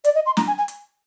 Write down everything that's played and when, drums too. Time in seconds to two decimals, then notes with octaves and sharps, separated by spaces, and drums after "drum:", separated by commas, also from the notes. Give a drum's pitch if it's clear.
0.04 D5, drum: hi-hat
0.15 D#5
0.26 C6
0.37 A#5, drum: snare
0.47 G#5
0.58 G#5
0.68 drum: hi-hat